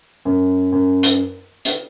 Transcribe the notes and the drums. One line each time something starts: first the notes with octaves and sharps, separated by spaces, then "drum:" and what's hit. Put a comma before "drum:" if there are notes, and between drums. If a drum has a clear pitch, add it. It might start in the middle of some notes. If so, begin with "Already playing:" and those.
F#2
F#2
drum: hi-hat
drum: hi-hat